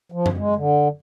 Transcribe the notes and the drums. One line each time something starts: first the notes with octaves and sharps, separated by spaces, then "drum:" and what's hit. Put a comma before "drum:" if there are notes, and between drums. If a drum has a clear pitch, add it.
F3
drum: tom F#2
G#3
D3